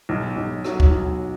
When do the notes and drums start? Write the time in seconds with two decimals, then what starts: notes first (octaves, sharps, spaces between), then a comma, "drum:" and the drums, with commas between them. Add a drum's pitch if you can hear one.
0.09 B1
0.36 B1
0.65 F#3, drum: rim click
0.80 drum: kick
0.91 B1